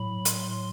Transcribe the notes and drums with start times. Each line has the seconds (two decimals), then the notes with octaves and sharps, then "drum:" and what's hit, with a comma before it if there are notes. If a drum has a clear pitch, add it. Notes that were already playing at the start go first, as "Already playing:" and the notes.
Already playing: A2 F#3 B5
0.25 C6, drum: hi-hat